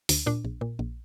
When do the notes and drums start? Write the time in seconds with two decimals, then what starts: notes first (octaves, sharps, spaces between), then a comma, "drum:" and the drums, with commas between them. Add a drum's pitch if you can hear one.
0.09 D2, drum: open hi-hat
0.26 A#2 D4
0.45 A#1
0.61 A#2
0.79 A#1